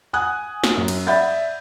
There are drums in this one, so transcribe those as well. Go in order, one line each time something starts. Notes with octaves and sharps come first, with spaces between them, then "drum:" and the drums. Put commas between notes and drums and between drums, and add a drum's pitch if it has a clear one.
F#5 G#5 D#6 F#6
drum: snare
F#2
drum: cymbal
D5 E5 F#5 B5 G6 A6